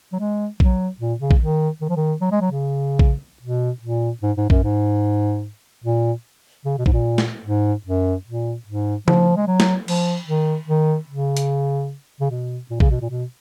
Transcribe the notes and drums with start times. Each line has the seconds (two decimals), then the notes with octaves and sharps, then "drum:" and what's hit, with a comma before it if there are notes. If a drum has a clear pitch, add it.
0.12 F#3
0.19 G#3
0.60 F#3, drum: kick A#1
1.00 A#2
1.20 C#3
1.31 drum: kick A#1
1.41 D#3
1.81 D#3
1.89 F3
1.96 D#3
2.21 F#3
2.31 G#3
2.41 F#3
2.51 C#3
2.99 drum: kick A#1
3.42 B2
3.82 A#2
4.22 G#2
4.37 G#2
4.50 F#2, drum: kick A#1
4.63 G#2
5.84 A#2
6.65 C#3
6.78 B2
6.86 G#2, drum: kick A#1
6.93 A#2
7.18 drum: snare
7.45 G#2
7.86 F#2
8.26 A#2
8.67 G#2
9.08 F3, drum: tom C#3
9.36 G#3
9.47 F#3
9.60 drum: snare
9.88 F3, drum: cymbal
10.28 D#3
10.68 D#3
11.09 C#3
11.37 drum: hi-hat
12.20 C#3
12.30 B2
12.70 A#2
12.80 C#3, drum: kick A#1
12.91 B2
13.01 A#2
13.10 B2